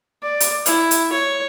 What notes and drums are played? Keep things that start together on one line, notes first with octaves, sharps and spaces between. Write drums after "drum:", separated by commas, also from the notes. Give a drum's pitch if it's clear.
D5
drum: hi-hat
E4, drum: hi-hat
drum: hi-hat
C#5